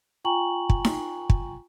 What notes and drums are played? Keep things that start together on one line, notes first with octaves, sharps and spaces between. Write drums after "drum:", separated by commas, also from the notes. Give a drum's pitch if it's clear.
F4 G5 G#5 A#5 C#6 F#7
drum: kick
drum: snare D#4
drum: kick